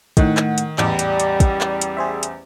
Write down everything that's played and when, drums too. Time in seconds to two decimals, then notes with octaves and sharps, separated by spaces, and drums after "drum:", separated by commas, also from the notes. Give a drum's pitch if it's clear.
0.17 A2 D#3 F#5, drum: kick, hi-hat
0.37 drum: clap
0.58 drum: hi-hat
0.78 A1 E2 G3 D5, drum: clap
0.99 drum: hi-hat
1.20 drum: hi-hat
1.40 drum: kick, hi-hat
1.61 drum: clap
1.81 drum: hi-hat
1.97 G#4 C5 E5
2.23 drum: hi-hat